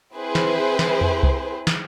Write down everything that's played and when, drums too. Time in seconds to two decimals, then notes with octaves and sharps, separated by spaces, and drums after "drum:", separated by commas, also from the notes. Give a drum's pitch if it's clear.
0.13 C4 E4 G#4 B4 C5
0.35 drum: snare
0.79 drum: snare
1.01 drum: tom E2
1.23 drum: kick C2
1.67 drum: snare